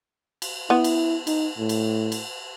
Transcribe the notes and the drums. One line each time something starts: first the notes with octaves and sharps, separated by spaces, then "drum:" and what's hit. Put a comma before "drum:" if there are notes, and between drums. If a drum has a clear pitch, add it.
drum: cymbal
B3 E4
drum: cymbal
D#4, drum: cymbal
A2
drum: cymbal
drum: cymbal